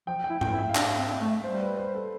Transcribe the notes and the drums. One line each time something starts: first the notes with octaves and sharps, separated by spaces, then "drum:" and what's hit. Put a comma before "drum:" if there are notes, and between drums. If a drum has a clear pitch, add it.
F3 G5
G5
E4
G5, drum: tom G#2
E4
E5
F5
D4 E5, drum: clap
C4
E5
A3
G3 C5
B4
C5
A4